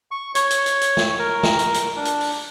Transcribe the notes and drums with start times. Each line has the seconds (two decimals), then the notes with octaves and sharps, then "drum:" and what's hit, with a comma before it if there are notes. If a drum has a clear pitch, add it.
0.11 C#6
0.35 C#5, drum: hi-hat
0.50 drum: hi-hat
0.66 drum: hi-hat
0.81 drum: hi-hat
0.97 drum: snare
1.19 A#4
1.43 drum: snare
1.59 drum: hi-hat
1.74 drum: hi-hat
1.96 D4
2.05 drum: hi-hat
2.21 drum: open hi-hat